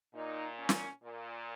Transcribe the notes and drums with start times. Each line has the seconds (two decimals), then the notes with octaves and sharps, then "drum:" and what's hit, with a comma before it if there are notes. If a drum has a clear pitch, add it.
0.13 A#2 D#4
0.58 C#4
0.69 drum: snare
1.02 A#2